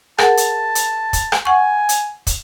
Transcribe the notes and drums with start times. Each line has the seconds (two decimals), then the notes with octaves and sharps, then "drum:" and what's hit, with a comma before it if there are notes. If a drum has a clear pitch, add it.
0.18 G#4 A#4 F#5 A5, drum: rim click
0.37 drum: hi-hat
0.75 drum: hi-hat
1.13 drum: kick, hi-hat
1.32 drum: rim click
1.45 F#5 G#5 C#6
1.89 drum: hi-hat
2.27 drum: kick, hi-hat